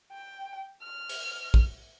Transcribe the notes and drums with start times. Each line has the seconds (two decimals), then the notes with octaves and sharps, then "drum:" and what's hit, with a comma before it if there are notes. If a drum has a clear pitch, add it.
0.12 G5
0.82 F6
1.09 drum: open hi-hat
1.54 drum: kick